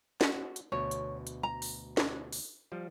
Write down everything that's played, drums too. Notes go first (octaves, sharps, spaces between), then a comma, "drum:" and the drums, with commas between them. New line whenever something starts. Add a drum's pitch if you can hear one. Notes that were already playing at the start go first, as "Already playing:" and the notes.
F#4, drum: snare
drum: hi-hat
D2 B2 C#5
drum: hi-hat
drum: hi-hat
A#5
drum: open hi-hat
drum: snare
drum: open hi-hat
F3 G3